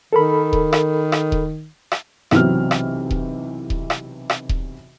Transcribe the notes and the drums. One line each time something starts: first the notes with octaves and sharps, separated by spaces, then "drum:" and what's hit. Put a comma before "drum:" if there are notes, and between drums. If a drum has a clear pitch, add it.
D#3 A4 A#4 B5
drum: kick D#1
drum: rim click
drum: rim click
drum: kick D#1
drum: rim click
B1 C3 E3 F#3 C4 F6, drum: rim click
drum: rim click
drum: kick D#1
drum: kick D#1
drum: rim click
drum: rim click
drum: kick D#1